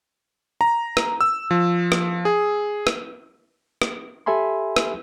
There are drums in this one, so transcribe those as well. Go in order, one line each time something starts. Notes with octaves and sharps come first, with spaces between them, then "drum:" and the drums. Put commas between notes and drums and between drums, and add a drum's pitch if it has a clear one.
A#5
drum: rim click
E6
F3
drum: rim click
G#4
drum: rim click
drum: rim click
G4 A4 E5 G#5 B5 C6
drum: rim click